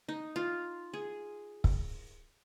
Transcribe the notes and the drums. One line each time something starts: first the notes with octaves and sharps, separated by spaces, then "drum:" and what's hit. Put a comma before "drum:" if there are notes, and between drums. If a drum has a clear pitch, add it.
D#4
F4
G#4
drum: kick